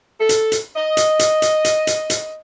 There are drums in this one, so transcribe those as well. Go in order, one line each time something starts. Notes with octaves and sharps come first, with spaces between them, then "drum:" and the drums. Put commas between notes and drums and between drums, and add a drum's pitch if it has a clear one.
A4
drum: hi-hat
drum: hi-hat
D#5
drum: hi-hat
drum: hi-hat
drum: hi-hat
drum: hi-hat
drum: hi-hat
drum: hi-hat